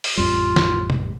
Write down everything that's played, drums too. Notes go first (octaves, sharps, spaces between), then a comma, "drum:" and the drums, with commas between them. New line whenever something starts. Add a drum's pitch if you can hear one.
drum: open hi-hat
A1 F2 G3 F4
drum: snare
drum: tom